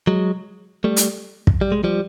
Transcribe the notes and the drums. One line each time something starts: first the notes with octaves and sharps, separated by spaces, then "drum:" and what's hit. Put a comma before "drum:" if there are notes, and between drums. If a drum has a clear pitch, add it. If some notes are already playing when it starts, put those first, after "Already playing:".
F#3 G#3
G3 A3
drum: hi-hat
drum: kick
G3
G#3
F3 G3